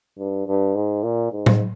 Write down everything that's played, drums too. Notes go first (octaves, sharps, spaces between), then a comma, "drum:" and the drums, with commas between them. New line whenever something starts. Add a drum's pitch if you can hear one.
G2
G2
G#2
A#2
G#2
drum: tom A2